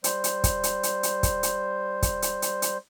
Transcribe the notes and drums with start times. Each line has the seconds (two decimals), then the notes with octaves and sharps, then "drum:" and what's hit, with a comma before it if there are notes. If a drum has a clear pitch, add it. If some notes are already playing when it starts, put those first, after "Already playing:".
0.04 G3 C5, drum: hi-hat
0.24 drum: hi-hat
0.44 drum: kick, hi-hat
0.63 drum: hi-hat
0.83 drum: hi-hat
1.03 drum: hi-hat
1.23 drum: kick, hi-hat
1.43 drum: hi-hat
2.02 drum: kick, hi-hat
2.22 drum: hi-hat
2.42 drum: hi-hat
2.62 drum: hi-hat